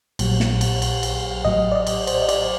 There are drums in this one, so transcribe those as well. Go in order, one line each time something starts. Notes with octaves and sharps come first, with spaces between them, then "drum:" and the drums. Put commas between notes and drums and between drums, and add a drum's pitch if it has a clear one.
A#1 A#2 F#3, drum: cymbal
drum: snare
drum: cymbal
drum: cymbal
drum: cymbal
A1 A2 F#3 D#5
D5
D#5
drum: cymbal
C5, drum: cymbal
D#5
D5, drum: cymbal